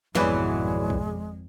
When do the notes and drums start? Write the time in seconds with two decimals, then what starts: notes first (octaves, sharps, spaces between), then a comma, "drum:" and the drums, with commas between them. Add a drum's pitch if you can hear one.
0.15 G#1 F2 B2 E3 F#3 G#3 G#4 D5, drum: snare
0.90 drum: kick